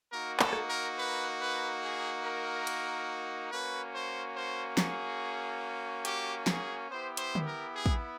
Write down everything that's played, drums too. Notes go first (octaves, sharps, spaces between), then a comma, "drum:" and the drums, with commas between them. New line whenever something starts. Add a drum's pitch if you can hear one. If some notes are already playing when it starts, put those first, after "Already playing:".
A#3 D#4 F#4 A#4
A4, drum: clap
drum: rim click
A#4
B4
B4
G#4
A#4
drum: cymbal
A#3 C#4 F#4 B4
C5
C5
G#4, drum: snare
G4, drum: hi-hat
G#4, drum: snare
B3 E4 G4 C5
C5, drum: hi-hat
drum: tom D3
A#4
G#4
drum: kick